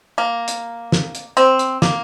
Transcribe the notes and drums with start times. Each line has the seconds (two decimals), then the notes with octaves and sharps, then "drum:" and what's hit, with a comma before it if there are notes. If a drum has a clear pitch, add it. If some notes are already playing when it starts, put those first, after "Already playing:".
0.18 A#3
0.48 drum: hi-hat
0.92 drum: snare
1.15 drum: hi-hat
1.37 C4, drum: hi-hat
1.59 drum: hi-hat
1.82 A#3, drum: snare